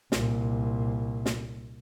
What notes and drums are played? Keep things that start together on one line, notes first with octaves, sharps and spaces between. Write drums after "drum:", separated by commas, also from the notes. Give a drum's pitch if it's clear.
C2 A#2, drum: snare
drum: snare